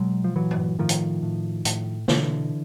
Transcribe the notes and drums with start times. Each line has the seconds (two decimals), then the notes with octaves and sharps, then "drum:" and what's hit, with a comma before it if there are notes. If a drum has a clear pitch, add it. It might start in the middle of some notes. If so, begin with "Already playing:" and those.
Already playing: B2 F#3 G#3
0.24 F3
0.36 A#2 E3 F#3
0.51 drum: tom G2
0.79 A2 D#3 F3
0.89 drum: hi-hat
1.23 A2
1.65 A2, drum: hi-hat
2.08 B2 D3 E3, drum: snare